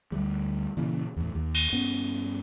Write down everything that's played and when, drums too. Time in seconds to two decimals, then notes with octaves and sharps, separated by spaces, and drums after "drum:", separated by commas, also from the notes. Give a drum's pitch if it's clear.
0.12 D2 G3
0.77 A#2 C#3 E3
1.16 E2 A2
1.35 D#2
1.55 drum: cymbal
1.72 G2 B3 C#4